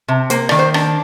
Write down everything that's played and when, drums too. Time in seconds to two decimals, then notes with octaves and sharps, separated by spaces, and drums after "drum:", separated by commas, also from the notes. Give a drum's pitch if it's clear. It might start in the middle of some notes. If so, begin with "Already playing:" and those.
0.08 C3
0.30 A#3 C5, drum: hi-hat
0.49 D#3 D5, drum: rim click
0.59 C5
0.74 D4, drum: rim click